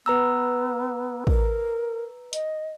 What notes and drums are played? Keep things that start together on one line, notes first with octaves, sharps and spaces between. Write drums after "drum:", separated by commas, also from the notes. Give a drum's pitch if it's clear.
B3 B4 A#5 E6
A#4, drum: kick
D#5, drum: hi-hat